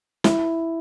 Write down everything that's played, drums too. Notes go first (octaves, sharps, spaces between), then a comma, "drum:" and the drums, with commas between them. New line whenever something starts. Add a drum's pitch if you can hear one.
E4, drum: snare